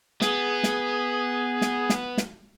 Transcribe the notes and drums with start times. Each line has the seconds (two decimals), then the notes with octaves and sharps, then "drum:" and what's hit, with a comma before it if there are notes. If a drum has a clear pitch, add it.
0.21 B3 G#4, drum: snare
0.63 drum: snare
1.61 drum: snare
1.90 drum: snare
2.18 drum: snare